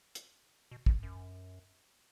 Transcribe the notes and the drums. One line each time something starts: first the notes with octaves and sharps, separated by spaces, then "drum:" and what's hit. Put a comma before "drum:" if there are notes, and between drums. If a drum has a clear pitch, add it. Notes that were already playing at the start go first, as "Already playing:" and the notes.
drum: hi-hat
B2
F#2, drum: kick
F#2